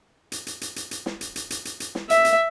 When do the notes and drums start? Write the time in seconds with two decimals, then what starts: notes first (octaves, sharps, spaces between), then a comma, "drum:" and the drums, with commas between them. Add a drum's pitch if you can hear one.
0.32 drum: hi-hat
0.47 drum: hi-hat
0.61 drum: hi-hat
0.76 drum: hi-hat
0.91 drum: hi-hat
1.06 drum: snare
1.21 drum: hi-hat
1.36 drum: hi-hat
1.50 drum: hi-hat
1.65 drum: hi-hat
1.80 drum: hi-hat
1.95 drum: snare
2.10 E5, drum: hi-hat
2.25 drum: hi-hat